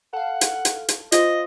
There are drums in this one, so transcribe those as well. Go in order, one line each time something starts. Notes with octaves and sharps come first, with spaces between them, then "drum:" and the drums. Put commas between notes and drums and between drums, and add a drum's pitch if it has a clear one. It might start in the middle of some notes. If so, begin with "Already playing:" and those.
A4 F5 F#5
drum: hi-hat
drum: hi-hat
drum: hi-hat
F4 C5 D#5, drum: hi-hat